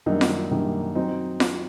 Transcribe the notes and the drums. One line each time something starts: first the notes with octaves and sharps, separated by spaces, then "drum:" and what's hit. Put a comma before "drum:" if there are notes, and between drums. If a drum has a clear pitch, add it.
F#2 D#3 G3 A#3 D4 D#4
drum: snare F4
F#2 D#3 G3 A#3 D4
F#3 C4 D#4
drum: snare F4